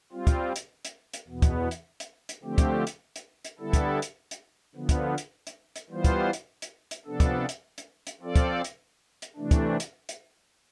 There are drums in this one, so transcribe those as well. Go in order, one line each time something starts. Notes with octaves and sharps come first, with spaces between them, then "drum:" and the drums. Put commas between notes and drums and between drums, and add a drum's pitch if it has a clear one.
G3 C4 F4
drum: kick, hi-hat
drum: hi-hat
drum: hi-hat
drum: hi-hat
E2 B2 B3
drum: kick, hi-hat
drum: hi-hat
drum: hi-hat
drum: hi-hat
D3 F3 A3 C4 G4
drum: kick, hi-hat
drum: hi-hat
drum: hi-hat
drum: hi-hat
D3 G3 B3 E4 A4
drum: kick, hi-hat
drum: hi-hat
drum: hi-hat
D3 F3 B3
drum: kick, hi-hat
drum: hi-hat
drum: hi-hat
drum: hi-hat
E3 G3 B3 F4 C5
drum: kick, hi-hat
drum: hi-hat
drum: hi-hat
drum: hi-hat
C3 F3 B3 D4 A4
drum: kick, hi-hat
drum: hi-hat
drum: hi-hat
drum: hi-hat
F3 C4 F4 A4 D5
drum: kick, hi-hat
drum: hi-hat
drum: hi-hat
C3 E3 A3 D4
drum: kick, hi-hat
drum: hi-hat
drum: hi-hat